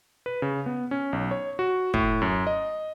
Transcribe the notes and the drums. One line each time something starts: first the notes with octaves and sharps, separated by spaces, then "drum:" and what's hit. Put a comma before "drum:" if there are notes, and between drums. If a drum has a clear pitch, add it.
B4
C#3
B3
C#4
B1
C#5
F#4
A2, drum: kick
F#2
D#5